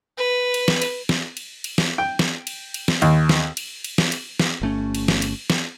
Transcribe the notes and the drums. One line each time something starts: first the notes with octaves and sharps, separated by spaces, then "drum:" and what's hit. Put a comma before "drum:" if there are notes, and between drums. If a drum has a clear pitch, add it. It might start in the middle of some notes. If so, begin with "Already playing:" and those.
B4
drum: cymbal
drum: snare
drum: cymbal
drum: snare
drum: cymbal
drum: cymbal
drum: snare
G5
drum: snare
drum: cymbal
drum: cymbal
drum: snare
D#2, drum: cymbal
drum: snare
drum: cymbal
drum: cymbal
drum: snare
drum: cymbal
drum: snare
G1 A3 C#4
drum: cymbal
drum: snare
drum: cymbal
drum: snare